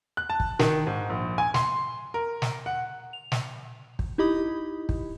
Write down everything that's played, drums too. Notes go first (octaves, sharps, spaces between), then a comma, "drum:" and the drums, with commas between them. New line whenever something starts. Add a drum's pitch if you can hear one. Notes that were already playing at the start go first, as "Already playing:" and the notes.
F#6
A5
drum: kick
D#3, drum: snare
G#2
A#1
G#5
C6, drum: snare
A#4
drum: snare
F#5
F7
drum: snare
drum: kick
D#4 E4 G4 D#5 B5 D#6
drum: kick